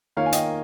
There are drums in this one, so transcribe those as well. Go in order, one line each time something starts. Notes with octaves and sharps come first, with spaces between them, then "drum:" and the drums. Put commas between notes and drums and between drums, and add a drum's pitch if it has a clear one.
D#3 A#3 F4 C#5 F5
G#5
D#5 G5, drum: hi-hat